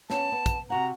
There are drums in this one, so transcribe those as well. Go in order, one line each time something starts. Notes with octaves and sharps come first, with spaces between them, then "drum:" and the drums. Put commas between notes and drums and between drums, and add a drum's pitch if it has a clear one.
B3 C#4 A5, drum: snare
B3
drum: kick, hi-hat
C3 F#4 F#5 A#5